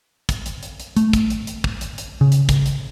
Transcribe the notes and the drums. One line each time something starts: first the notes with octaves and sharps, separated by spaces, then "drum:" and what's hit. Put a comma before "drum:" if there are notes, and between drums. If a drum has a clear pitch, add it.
drum: kick, hi-hat
drum: hi-hat
drum: hi-hat
drum: hi-hat
A3, drum: hi-hat
drum: kick, hi-hat
drum: hi-hat
drum: hi-hat
drum: kick
drum: hi-hat
drum: hi-hat
C#3
drum: hi-hat
drum: kick, hi-hat
drum: hi-hat